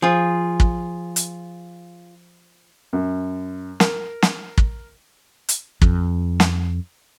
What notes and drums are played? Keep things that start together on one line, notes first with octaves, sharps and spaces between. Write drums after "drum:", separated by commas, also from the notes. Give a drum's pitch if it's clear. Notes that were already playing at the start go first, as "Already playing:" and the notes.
F3 F4 G#4
drum: kick
drum: hi-hat
F#2
A#4, drum: snare
drum: snare
drum: kick
drum: hi-hat
F2, drum: kick
drum: snare